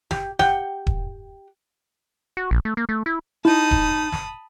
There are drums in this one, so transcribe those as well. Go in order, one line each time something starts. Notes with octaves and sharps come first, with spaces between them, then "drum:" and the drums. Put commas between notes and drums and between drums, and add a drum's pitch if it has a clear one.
G4, drum: snare
G4 F#5 G5, drum: snare
drum: kick D#1
F#4
A#1
A3
A#3
A3
E4
D#4 E4 A5 B5 D#6
drum: kick D#1
drum: snare